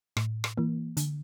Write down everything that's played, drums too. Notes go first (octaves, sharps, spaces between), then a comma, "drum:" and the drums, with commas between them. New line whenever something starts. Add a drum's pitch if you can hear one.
A2, drum: rim click
drum: rim click
E3 A#3
D3, drum: hi-hat